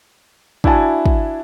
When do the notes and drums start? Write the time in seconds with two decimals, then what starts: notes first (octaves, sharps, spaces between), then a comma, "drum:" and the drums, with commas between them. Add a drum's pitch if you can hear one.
0.64 D4 E4 F#4 E5 G#5 A5, drum: kick
1.06 drum: kick